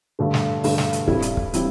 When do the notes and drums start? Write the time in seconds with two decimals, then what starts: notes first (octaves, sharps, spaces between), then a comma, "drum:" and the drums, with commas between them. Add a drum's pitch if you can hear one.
0.19 G2 D3 A3
0.34 drum: snare
0.64 G2 D3 A3, drum: open hi-hat
0.78 drum: snare
0.93 drum: hi-hat
1.07 G2 G3 C4 E4 A4, drum: kick
1.22 drum: hi-hat
1.37 drum: kick
1.53 G3 C4 E4, drum: hi-hat